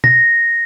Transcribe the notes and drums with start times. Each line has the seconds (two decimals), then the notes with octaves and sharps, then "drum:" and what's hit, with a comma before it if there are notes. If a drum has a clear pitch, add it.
0.04 A#6, drum: tom